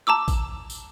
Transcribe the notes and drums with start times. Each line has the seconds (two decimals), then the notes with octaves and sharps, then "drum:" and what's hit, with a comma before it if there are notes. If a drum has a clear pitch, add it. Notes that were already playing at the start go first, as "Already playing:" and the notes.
0.07 A5 A#5 D6 E6
0.28 drum: kick A1, tambourine
0.70 drum: tambourine